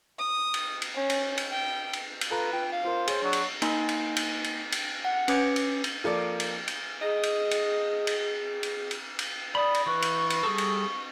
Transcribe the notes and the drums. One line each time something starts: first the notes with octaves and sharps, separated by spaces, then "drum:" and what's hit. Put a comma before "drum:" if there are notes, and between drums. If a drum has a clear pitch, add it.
D#6
drum: cymbal
drum: cymbal
C#4
drum: cymbal
drum: cymbal
G5
drum: cymbal
drum: cymbal
F4 A4 B4 A#5
F4 G5
F5
F4 A#4 C5
G#4 C#5, drum: cymbal
F#3 D4
drum: cymbal
A#3 D#4 D#5 G#5 C6, drum: cymbal
drum: cymbal
drum: cymbal
drum: cymbal
drum: cymbal
F#5
C#4 B4 D6 G#6 C#7 D7, drum: cymbal
drum: cymbal
drum: cymbal
F3 A#3 A4 D5
drum: cymbal
drum: cymbal
G#4 D#5
drum: cymbal
drum: cymbal
drum: cymbal
drum: cymbal
drum: cymbal
drum: cymbal
D5 B5 D#6
drum: cymbal
E3 B4 C#6
drum: cymbal
drum: cymbal
G3 G#4 A4
drum: cymbal